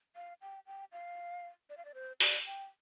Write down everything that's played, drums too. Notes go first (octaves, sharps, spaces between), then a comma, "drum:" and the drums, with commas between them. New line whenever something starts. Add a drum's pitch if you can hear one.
F5
G5
G5
F5
D5
F5
D5
C5
D5, drum: open hi-hat
G5